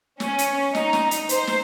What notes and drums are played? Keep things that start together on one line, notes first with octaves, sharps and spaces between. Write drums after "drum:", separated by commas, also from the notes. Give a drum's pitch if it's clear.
C#4, drum: snare
drum: hi-hat
D#4, drum: snare
drum: snare
drum: hi-hat
C5, drum: hi-hat
drum: snare